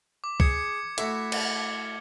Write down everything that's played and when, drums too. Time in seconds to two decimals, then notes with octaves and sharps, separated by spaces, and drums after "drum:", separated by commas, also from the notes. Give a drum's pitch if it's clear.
0.24 D6
0.40 G#4 G#6 C#7, drum: kick C2
0.98 A3 E4 F#4, drum: hi-hat
1.32 drum: cymbal